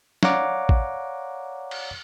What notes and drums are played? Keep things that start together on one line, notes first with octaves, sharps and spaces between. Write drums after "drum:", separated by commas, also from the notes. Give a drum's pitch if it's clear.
C#5 D5 F5 F#5 A#5 D6, drum: snare
drum: kick A1
drum: cymbal